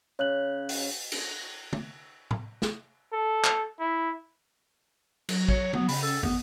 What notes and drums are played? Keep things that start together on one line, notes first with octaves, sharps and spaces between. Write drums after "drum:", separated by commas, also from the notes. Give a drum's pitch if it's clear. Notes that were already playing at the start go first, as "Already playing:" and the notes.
C#3 C#5 F#6 F#7
drum: open hi-hat
drum: cymbal
drum: tom
drum: tom
drum: snare
A4
drum: clap
E4
F#3, drum: cymbal
C#5, drum: kick
B3, drum: tom
C#3 B5, drum: open hi-hat
A4
G#1 B3, drum: tom